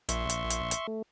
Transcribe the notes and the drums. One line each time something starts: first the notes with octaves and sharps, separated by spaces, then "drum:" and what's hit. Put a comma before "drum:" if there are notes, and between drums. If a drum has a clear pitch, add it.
A#1 E5 C6 C#6, drum: hi-hat
drum: hi-hat
drum: hi-hat
drum: hi-hat
A3